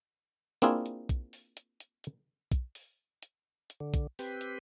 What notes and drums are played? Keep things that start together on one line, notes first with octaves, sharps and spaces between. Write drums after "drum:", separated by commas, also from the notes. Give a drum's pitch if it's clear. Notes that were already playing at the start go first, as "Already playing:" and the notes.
A#3 C4 D4 E4 F4 G#4, drum: hi-hat
drum: hi-hat
drum: kick B1, hi-hat
drum: open hi-hat
drum: hi-hat
drum: hi-hat
drum: hi-hat
drum: kick B1, hi-hat
drum: open hi-hat
drum: hi-hat
drum: hi-hat
D3
drum: kick B1, hi-hat
C4 G4 B4, drum: open hi-hat
drum: hi-hat